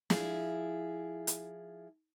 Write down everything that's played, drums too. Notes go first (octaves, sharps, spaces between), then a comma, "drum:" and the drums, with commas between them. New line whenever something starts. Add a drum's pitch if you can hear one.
F3 E4 G#4, drum: snare
drum: hi-hat